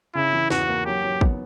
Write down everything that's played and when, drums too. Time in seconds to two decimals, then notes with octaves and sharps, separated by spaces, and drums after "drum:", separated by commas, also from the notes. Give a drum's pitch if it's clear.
0.15 C#3 E4
0.33 E3
0.50 E2 F#4, drum: snare
0.69 A#3
0.85 F#3 G4
1.03 F#3
1.21 B3, drum: kick